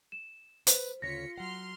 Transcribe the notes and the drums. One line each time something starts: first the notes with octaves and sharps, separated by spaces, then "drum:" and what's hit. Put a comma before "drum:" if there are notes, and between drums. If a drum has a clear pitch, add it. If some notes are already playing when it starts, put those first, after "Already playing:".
E7
B4 C5, drum: hi-hat
D2 C#3 F4 C#5 A#6 B6 C#7
F#3 F#5 C6 F6